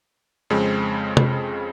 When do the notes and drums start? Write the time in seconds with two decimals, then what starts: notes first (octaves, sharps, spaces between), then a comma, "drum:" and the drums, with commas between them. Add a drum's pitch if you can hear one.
0.50 F2 C#3 G#3 C4
1.17 drum: tom